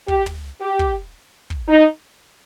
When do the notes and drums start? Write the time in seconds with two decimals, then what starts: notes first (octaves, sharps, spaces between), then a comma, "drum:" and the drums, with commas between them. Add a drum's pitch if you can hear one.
0.08 G4, drum: kick
0.26 drum: tom
0.62 G4
0.79 drum: kick
1.50 drum: kick
1.68 D#4